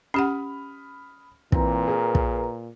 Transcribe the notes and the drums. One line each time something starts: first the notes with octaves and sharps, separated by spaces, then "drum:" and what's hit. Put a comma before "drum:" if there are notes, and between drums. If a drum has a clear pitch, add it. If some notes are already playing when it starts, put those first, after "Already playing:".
C#4 G4 F#5 B5 D#6 F6
A#2 E3 C4 B4 A#5, drum: kick
G#4 A#4
drum: kick